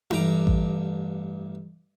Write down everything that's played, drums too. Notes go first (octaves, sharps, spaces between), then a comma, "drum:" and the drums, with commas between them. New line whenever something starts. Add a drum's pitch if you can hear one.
A1 G2 A#5 D6, drum: tom D#4
drum: kick A1